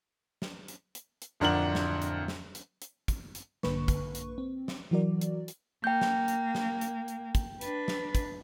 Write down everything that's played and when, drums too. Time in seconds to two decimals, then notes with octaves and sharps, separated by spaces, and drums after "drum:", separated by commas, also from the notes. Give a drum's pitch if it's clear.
0.42 drum: snare
0.68 drum: hi-hat
0.95 drum: hi-hat
1.22 drum: hi-hat
1.40 D1 F2 D4 A#4 F#5 F#7
1.75 drum: snare
2.02 drum: hi-hat
2.28 drum: snare
2.55 drum: hi-hat
2.82 drum: hi-hat
3.08 drum: kick, hi-hat
3.35 drum: hi-hat
3.63 A#1 G2 D3 A#3 B4 C#6, drum: snare
3.88 drum: kick, hi-hat
4.15 drum: hi-hat
4.38 C4
4.68 drum: snare
4.91 E3 F#3 F#4 A#4 D5
5.21 drum: hi-hat
5.48 drum: hi-hat
5.84 A#3 G5 G6
6.01 drum: snare
6.28 drum: hi-hat
6.55 drum: snare
6.81 drum: hi-hat
7.08 drum: hi-hat
7.35 drum: kick, hi-hat
7.61 D4 B4, drum: hi-hat
7.88 drum: snare
8.15 drum: kick, hi-hat